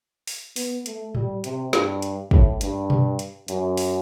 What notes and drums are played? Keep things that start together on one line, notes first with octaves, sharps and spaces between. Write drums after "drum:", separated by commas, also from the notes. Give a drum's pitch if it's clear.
drum: open hi-hat
B3, drum: open hi-hat
A3, drum: hi-hat
G3, drum: tom A2
C3, drum: hi-hat
G2, drum: snare
drum: hi-hat
A2, drum: kick
G2, drum: hi-hat
drum: tom B2
drum: hi-hat
F#2, drum: hi-hat
drum: open hi-hat